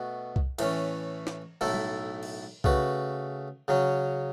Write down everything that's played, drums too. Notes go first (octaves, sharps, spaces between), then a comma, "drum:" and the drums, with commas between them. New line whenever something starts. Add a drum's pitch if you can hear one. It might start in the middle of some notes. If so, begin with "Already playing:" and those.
Already playing: B2 A3 F#4
drum: kick C2
A2 E3 A3 C#4, drum: cymbal
drum: snare
B1 A2 A3 E4 A4, drum: cymbal
drum: tom
drum: cymbal
C#3 A3 F#4 B4, drum: kick C2
C#3 F#3 C#4